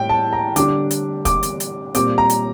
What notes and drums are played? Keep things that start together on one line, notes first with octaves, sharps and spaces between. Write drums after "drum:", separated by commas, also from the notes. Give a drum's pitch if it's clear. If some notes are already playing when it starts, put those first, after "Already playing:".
Already playing: A2 G3 G5
A5
A#5
D3 G3 D4 D6, drum: hi-hat
drum: hi-hat
D6, drum: kick, hi-hat
drum: hi-hat
drum: hi-hat
A#2 G3 C4 D6, drum: hi-hat
A#5
drum: hi-hat